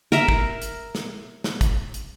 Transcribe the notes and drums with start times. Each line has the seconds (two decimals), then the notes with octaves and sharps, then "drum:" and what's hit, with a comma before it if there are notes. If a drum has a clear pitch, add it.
0.12 A#4 E5, drum: snare
0.28 drum: kick
0.62 drum: hi-hat
0.95 drum: snare
1.44 drum: snare
1.61 drum: kick, hi-hat
1.94 drum: hi-hat